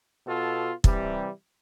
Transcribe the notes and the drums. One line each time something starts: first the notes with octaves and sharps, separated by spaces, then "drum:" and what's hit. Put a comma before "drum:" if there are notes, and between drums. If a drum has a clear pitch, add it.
B2 B3 F4 A4
C3 E3 G3, drum: kick